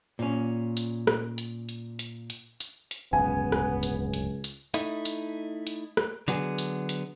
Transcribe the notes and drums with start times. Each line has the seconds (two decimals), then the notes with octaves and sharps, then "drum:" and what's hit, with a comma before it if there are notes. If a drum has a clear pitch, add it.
0.19 A#2 C#4
0.77 drum: hi-hat
1.07 drum: rim click
1.38 drum: hi-hat
1.69 drum: hi-hat
1.99 drum: hi-hat
2.30 drum: hi-hat
2.60 drum: hi-hat
2.91 drum: hi-hat
3.13 D1 G1 C#2 F#2 B3 G#5
3.52 drum: rim click
3.83 drum: hi-hat
4.14 drum: hi-hat
4.44 drum: hi-hat
4.74 A3 D#4 E4, drum: hi-hat
5.05 drum: hi-hat
5.67 drum: hi-hat
5.97 drum: rim click
6.28 D3 F#3 B3 G#4, drum: hi-hat
6.58 drum: hi-hat
6.89 drum: hi-hat